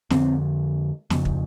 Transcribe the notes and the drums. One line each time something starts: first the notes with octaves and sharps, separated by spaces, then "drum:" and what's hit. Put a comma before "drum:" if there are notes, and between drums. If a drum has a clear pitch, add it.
F2 D3 C4, drum: snare
F2 C#3, drum: snare
drum: kick